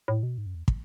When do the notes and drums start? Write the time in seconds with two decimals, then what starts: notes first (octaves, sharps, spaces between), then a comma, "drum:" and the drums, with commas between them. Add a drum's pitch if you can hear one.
0.08 A2
0.23 B2
0.38 G#2
0.46 F#2
0.55 E2
0.68 drum: kick